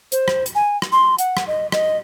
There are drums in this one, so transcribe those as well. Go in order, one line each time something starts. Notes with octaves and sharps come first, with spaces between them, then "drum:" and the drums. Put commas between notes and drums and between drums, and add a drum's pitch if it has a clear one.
C5, drum: hi-hat
drum: rim click
drum: hi-hat
G#5
drum: rim click
C6
F#5, drum: hi-hat
drum: rim click
D#5
D#5, drum: rim click